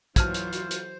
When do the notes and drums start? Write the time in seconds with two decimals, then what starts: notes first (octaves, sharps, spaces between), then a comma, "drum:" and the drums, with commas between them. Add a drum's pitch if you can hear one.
0.16 E3 F#3 F4 C5 A5 F6 G#6, drum: kick, hi-hat
0.34 drum: hi-hat
0.53 drum: hi-hat
0.71 drum: hi-hat